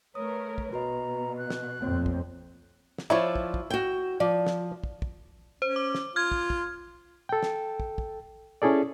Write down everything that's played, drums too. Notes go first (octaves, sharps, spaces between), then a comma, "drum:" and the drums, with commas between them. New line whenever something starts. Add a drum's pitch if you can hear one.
A3 A#4 B4 C#5 D#6
drum: kick
B2 F#4 B4 D#5 A#5
F#6
drum: snare
F2 A3 A#3 C4 C#5
drum: kick
drum: snare
F3 E4 C#5 D5
drum: kick
drum: kick
F#4 G5
F3 D5
drum: snare
drum: kick
drum: kick
C#4 C5
D6
drum: snare
F4 F6 G#6
drum: kick
drum: kick
A4 G5
drum: snare
drum: kick
drum: kick
C#4 E4 G#4 A4 D5